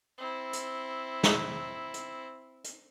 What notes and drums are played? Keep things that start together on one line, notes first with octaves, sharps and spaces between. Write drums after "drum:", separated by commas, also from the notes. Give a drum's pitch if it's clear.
C4 E4
drum: hi-hat
drum: snare
drum: hi-hat
drum: hi-hat